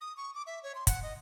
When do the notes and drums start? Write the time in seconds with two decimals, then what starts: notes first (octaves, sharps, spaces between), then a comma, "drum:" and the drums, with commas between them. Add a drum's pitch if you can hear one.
0.01 D#6
0.17 C#6
0.35 D6
0.47 E5
0.63 C#5
0.75 C6
0.87 F#5, drum: kick, hi-hat
1.03 D#5